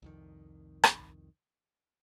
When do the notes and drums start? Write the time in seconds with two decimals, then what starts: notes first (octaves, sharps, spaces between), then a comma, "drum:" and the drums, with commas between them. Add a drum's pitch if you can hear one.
0.02 C2 F2 D#3
0.84 drum: rim click